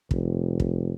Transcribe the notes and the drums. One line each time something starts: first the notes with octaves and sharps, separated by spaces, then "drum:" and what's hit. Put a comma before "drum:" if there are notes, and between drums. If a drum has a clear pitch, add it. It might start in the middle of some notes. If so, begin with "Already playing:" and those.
F1, drum: kick
drum: kick